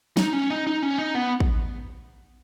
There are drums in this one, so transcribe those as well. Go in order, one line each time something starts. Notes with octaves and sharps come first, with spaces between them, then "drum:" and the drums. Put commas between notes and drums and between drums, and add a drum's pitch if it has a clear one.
D#4, drum: snare
C#4
D#4
D#4
C#4
D#4
B3
drum: kick